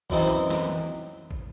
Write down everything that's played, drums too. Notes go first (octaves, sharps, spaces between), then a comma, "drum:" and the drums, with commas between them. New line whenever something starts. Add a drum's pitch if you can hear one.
F#2 E3 C4 D#4, drum: kick
drum: snare
drum: kick